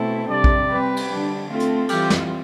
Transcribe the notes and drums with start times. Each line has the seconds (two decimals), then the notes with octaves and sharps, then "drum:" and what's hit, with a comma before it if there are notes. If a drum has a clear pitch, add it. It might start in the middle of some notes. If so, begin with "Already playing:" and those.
Already playing: B2 A3 C4 E4 A4
0.29 C3 G3 D4 D5
0.44 drum: kick A#1
0.69 G3 C4 G4 B4
0.97 drum: cymbal
1.09 D3 G3 D4
1.49 A3 C4 F4 A4
1.60 drum: hi-hat
1.89 E3 G3 C4 F4 G4, drum: cymbal
2.10 drum: snare